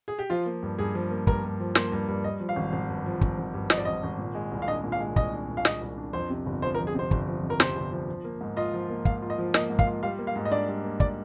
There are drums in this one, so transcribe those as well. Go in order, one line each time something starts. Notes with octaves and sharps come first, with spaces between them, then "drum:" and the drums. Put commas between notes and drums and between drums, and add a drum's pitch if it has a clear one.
G#4
G4
F3 F4
A#3
G2
G2 G#4
F3
A#3
G2 A#4, drum: kick
G2
F3
A#3 C5, drum: snare
G2
G2
G2 D#5
F3
F5
G#1
G#1
G2
F3
G#1, drum: kick
G#1
G2
F3 D#5, drum: snare
D5
G#1 D#5
G#1
A#2
G#3
C2
F5
D4 D#5
A#2
F5
G#3
C2 D#5, drum: kick
D4
A#2
F5
G#3 D#5, drum: snare
C2
D4
F2 C5
C3
G1
F3 C5
A#4
F2
G#4
C3 C5
G1, drum: kick
F3
F2
A#4
C3 C5, drum: snare
G1
F3
F3
A#3
G#2
F4 D#5
F3
A#3
G#2 F5, drum: kick
F4
D#5
F3
A#3 D#5, drum: snare
G#2
F5, drum: kick
F4
G3 F5
A#3
F5
G#2
D#5
D4 D5
G3
A#3
D5, drum: kick